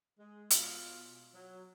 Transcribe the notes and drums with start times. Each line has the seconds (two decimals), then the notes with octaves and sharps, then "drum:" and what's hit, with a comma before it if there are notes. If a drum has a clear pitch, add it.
0.18 G#3
0.50 B2 F4, drum: hi-hat
1.34 F#3